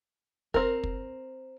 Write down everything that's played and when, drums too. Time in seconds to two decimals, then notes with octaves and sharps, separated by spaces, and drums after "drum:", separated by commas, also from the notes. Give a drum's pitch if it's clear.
0.54 C4 A#4, drum: kick
0.83 drum: kick